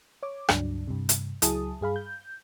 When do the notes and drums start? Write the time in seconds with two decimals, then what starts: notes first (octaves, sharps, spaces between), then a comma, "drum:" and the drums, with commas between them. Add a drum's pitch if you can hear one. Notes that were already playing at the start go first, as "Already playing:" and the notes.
0.23 C#5 D6
0.49 C#2 G2 F#3 D4, drum: rim click
0.87 G2 C3
1.09 drum: hi-hat
1.42 C#2 F#3 E4 G#4 A5 D#6, drum: hi-hat
1.81 G2 G#4 F5 B5
1.96 G6